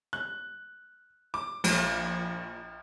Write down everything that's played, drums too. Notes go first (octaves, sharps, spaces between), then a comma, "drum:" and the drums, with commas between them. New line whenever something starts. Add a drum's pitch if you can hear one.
F#6
D6
A#1, drum: cymbal